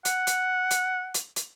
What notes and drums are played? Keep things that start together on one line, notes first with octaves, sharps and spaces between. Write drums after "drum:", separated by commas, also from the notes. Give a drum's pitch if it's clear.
F#5, drum: hi-hat
drum: hi-hat
drum: hi-hat
drum: hi-hat
drum: hi-hat